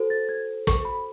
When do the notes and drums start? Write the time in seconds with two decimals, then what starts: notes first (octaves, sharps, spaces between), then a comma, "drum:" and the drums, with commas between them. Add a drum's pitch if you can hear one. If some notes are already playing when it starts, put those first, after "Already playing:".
Already playing: F#4 A4 C5
0.10 A6
0.29 G#6
0.67 C#6, drum: kick, hi-hat
0.85 B5